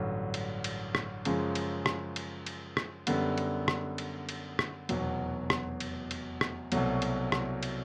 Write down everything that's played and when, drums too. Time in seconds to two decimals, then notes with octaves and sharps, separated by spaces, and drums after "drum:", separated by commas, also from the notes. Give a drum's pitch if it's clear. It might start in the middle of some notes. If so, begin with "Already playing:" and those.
Already playing: A1 G2 D3 F#3
0.34 drum: cymbal
0.64 drum: cymbal
0.95 drum: rim click
1.25 F#2 C#3 F3 G#3, drum: cymbal
1.55 drum: cymbal
1.86 drum: rim click
2.16 drum: cymbal
2.46 drum: cymbal
2.77 drum: rim click
3.07 F#2 D3 G3 B3, drum: cymbal
3.38 drum: cymbal
3.68 drum: rim click
3.98 drum: cymbal
4.29 drum: cymbal
4.59 drum: rim click
4.89 F1 E2 B2 F#3, drum: cymbal
5.50 drum: rim click
5.80 drum: cymbal
6.11 drum: cymbal
6.41 drum: rim click
6.72 C2 B2 F#3 A3, drum: cymbal
7.02 drum: cymbal
7.32 drum: rim click
7.63 drum: cymbal